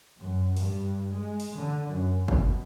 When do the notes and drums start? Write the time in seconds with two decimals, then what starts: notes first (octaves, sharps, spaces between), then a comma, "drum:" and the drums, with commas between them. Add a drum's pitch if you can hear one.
0.18 F#2
0.57 G2, drum: open hi-hat
1.14 G#3
1.40 drum: open hi-hat
1.54 D3
1.90 F#2
2.28 B2, drum: kick